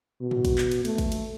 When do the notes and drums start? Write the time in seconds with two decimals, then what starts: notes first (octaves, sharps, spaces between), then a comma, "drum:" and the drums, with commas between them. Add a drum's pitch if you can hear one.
0.21 B2
0.31 drum: tom G#2
0.45 drum: kick, cymbal
0.58 drum: clap
0.71 drum: cymbal
0.85 A3, drum: cymbal
0.98 drum: kick, cymbal
1.12 drum: cymbal